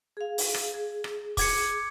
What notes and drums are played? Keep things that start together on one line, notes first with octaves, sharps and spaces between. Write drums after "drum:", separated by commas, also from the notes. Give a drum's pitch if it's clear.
G#4 F5
drum: open hi-hat
drum: rim click
G#4
drum: rim click
D6 G#6 C#7, drum: kick, open hi-hat